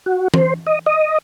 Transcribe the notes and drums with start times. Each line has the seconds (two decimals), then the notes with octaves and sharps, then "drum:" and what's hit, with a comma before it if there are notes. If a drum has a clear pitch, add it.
0.06 F#4
0.34 C5, drum: tom E3
0.67 D#5
0.86 D#5